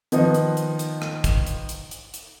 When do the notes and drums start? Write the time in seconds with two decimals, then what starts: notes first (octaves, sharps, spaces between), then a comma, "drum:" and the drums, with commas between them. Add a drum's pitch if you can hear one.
0.12 D#3 F3 B3 D#4, drum: hi-hat
0.34 drum: hi-hat
0.57 drum: hi-hat
0.79 drum: hi-hat
1.02 drum: rim click
1.24 drum: kick, hi-hat
1.46 drum: hi-hat
1.69 drum: hi-hat
1.91 drum: hi-hat
2.14 drum: hi-hat